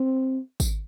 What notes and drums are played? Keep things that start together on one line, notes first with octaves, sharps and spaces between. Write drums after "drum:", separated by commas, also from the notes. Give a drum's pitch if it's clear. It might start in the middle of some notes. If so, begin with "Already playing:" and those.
Already playing: C4
drum: kick, tambourine